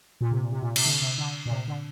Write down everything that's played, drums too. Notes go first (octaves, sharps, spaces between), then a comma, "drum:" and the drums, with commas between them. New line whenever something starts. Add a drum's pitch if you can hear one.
A#2
C3
A#2
C3
A#2
C3, drum: cymbal
D3
C3
D3
A#2
C3
D3